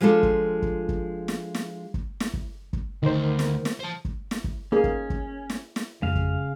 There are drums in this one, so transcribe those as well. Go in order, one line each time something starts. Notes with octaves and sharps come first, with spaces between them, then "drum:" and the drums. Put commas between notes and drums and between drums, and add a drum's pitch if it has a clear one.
F3 G#3 D4 F4 A4
drum: kick
drum: kick
drum: kick
drum: snare
drum: snare
drum: kick
drum: snare
drum: kick
drum: kick
D2 D#3 A#4 C5
drum: snare
drum: snare
C5 A5
drum: kick
drum: snare
drum: kick
A#3 C#4 G#4
drum: kick
drum: kick
drum: snare
drum: snare
F2 C#3 G#3 F5
drum: kick